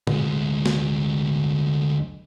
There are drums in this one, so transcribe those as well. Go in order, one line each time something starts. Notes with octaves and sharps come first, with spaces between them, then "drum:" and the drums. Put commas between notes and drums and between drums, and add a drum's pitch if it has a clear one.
D2 G#3, drum: tom A#2
drum: snare